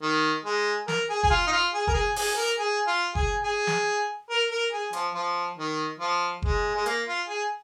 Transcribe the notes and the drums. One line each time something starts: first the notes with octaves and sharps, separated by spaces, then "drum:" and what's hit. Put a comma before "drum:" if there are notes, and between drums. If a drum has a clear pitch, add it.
D#3
G#3
A#4, drum: snare
G#4
G#4, drum: kick F#1
F4
D#4
F4
G#4
A#4, drum: kick F#1
G#4
G#4, drum: open hi-hat
A#4
G#4
F4
G#4, drum: kick F#1
G#4
drum: snare
A#4
A#4
G#4
F3, drum: hi-hat
F3
D#3
F3
G#3, drum: kick F#1
G#3
A#3, drum: hi-hat
F4
G#4